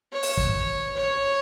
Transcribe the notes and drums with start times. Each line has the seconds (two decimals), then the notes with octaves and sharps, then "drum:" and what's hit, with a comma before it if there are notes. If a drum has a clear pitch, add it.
0.13 C#5
0.23 drum: open hi-hat
0.37 drum: kick
0.96 C#5